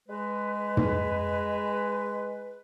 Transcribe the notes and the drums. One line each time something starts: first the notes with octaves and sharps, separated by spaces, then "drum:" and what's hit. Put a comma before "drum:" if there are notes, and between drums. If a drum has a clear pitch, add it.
G#3 B4
drum: tom